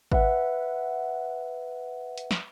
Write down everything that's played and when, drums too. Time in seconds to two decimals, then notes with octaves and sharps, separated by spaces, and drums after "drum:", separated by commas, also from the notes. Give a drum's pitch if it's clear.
0.12 B4 E5 F#5, drum: kick G#1
2.18 drum: hi-hat
2.31 drum: snare